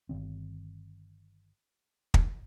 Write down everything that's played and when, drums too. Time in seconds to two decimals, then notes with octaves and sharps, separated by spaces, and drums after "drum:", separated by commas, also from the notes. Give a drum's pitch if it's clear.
0.09 G1 C#2 D#3 C4
2.14 drum: kick